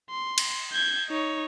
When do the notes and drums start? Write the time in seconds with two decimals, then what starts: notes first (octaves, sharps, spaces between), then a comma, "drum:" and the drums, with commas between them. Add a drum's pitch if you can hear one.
0.10 C6
0.38 drum: cymbal
0.73 G6 G#6
1.09 D#4 C#5